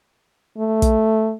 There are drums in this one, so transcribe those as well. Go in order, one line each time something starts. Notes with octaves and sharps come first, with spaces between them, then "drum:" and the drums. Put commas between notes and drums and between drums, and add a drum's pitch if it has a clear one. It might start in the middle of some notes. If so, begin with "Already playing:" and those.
A3
drum: kick, hi-hat